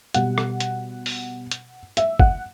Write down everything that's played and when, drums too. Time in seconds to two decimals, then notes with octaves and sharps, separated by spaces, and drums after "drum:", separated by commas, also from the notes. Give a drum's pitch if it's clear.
0.14 B2 G3 F#5, drum: hi-hat
0.38 drum: rim click
0.60 drum: hi-hat
1.06 drum: open hi-hat
1.51 drum: hi-hat
1.97 E5, drum: hi-hat
2.20 F#5, drum: kick